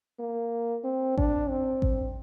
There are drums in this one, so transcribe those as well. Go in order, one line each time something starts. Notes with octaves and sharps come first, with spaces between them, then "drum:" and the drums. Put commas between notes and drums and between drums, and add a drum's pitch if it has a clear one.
A#3
C4
D4, drum: kick A1
C4
drum: kick A1